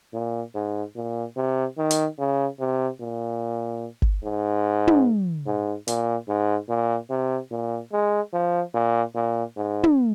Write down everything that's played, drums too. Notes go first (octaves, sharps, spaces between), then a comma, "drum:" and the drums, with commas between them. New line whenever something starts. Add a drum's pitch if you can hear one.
A#2
G#2
A#2
C3
D#3
drum: hi-hat
C#3
C3
A#2
drum: kick G1
G#2
drum: tom
G#2
A#2, drum: hi-hat
G#2
A#2
C3
A#2
G#3
F3
A#2
A#2
G#2
drum: tom